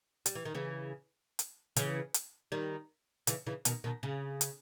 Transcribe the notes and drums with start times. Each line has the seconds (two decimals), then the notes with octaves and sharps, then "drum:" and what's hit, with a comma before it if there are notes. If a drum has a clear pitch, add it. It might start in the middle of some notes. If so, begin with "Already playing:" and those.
0.26 G3, drum: hi-hat
0.35 E3
0.45 D#3
0.54 C#3 E3
1.39 drum: hi-hat
1.76 C#3 E3, drum: hi-hat
2.14 drum: hi-hat
2.52 D#3 G3
3.27 C#3 E3, drum: hi-hat
3.47 C#3 E3
3.65 B2 D#3, drum: hi-hat
3.84 B2 D#3
4.03 C#3
4.41 drum: hi-hat